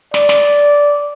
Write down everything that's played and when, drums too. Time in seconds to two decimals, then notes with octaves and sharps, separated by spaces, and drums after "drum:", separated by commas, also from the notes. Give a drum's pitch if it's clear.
0.14 D5, drum: snare
0.29 drum: snare